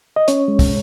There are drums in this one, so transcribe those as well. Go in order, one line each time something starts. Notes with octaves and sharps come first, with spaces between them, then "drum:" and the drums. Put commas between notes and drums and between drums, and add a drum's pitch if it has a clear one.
D#5
C#4 C#5, drum: hi-hat
G#3
drum: kick, open hi-hat